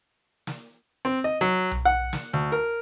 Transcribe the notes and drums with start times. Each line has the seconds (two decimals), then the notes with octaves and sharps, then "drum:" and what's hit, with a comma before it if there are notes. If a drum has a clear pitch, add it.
0.47 drum: snare
1.05 C4
1.24 D#5
1.41 F#3
1.71 drum: tom B1
1.85 F#5
2.13 drum: snare
2.33 D2
2.52 A#4